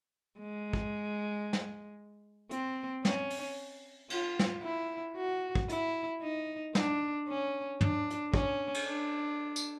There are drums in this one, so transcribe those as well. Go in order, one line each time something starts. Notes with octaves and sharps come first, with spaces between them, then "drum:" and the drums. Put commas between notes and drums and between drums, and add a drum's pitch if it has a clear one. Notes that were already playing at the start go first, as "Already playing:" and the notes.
G#3
drum: kick
drum: snare
C4, drum: hi-hat
C#4, drum: snare
drum: open hi-hat
F4, drum: cymbal
drum: snare
E4
F#4
drum: kick
E4, drum: hi-hat
D#4
D4, drum: snare
C#4
D4, drum: tom
drum: hi-hat
C#4, drum: kick
drum: cymbal
D4
drum: tambourine